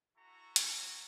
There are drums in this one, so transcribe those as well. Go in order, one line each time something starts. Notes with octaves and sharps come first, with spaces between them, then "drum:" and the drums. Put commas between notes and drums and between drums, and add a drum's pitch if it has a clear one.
E4 F#4 A4 A#5 C#6
drum: hi-hat